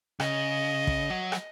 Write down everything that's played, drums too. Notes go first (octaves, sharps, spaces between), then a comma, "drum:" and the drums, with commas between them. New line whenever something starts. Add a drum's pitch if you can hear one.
C#3 D#5, drum: rim click
drum: kick
F#3
drum: rim click